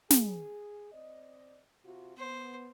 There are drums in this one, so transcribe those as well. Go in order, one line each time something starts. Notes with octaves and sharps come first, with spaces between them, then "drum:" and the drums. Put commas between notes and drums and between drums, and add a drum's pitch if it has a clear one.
G#4, drum: snare
C4 D5 D#5
C3 F4 F#4
B3 C5